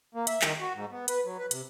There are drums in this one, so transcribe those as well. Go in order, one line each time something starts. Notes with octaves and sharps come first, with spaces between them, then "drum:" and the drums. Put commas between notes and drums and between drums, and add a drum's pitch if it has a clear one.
A#3
E5, drum: hi-hat
D#3, drum: clap
F#4
G#2
B3
B4, drum: hi-hat
F#3
B4
C3, drum: hi-hat